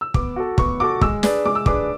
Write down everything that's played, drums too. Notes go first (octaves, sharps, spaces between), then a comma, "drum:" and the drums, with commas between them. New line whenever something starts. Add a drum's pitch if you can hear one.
E6
B3 D6, drum: kick
F#4 A4
B3 C#6, drum: kick
F#4 A4 D6
G#3 E6, drum: kick
D4 G#4 B4 D5, drum: snare
G#3 D6
E6
D4 G#4 B4 D5 D6, drum: kick